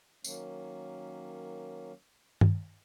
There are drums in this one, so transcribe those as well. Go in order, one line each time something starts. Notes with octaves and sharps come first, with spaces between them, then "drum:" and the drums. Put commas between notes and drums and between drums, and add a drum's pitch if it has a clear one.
D#3 F#3 A#3 C#4, drum: tambourine
drum: tom G2